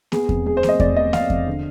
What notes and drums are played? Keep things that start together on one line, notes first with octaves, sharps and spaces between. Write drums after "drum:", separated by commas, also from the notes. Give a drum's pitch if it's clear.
B3 G#4, drum: snare A#3
F2, drum: kick E2
F2 G#4
C5
F2, drum: snare A#3
D#5
F2 D5, drum: kick E2
B3 D#5
F2 F5, drum: snare A#3
F2, drum: kick E2
D3